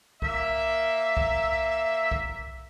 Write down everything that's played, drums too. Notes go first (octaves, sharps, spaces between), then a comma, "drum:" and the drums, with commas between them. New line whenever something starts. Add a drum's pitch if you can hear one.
A#3 E5, drum: kick B1
drum: kick B1
drum: kick B1